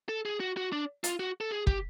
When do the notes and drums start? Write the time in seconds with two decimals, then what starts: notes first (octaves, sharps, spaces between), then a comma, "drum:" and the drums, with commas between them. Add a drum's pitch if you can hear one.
0.09 A4
0.25 G#4
0.40 F#4
0.57 F#4
0.72 D4
1.04 F4, drum: hi-hat
1.19 F#4
1.41 A4
1.51 G#4
1.67 G4, drum: kick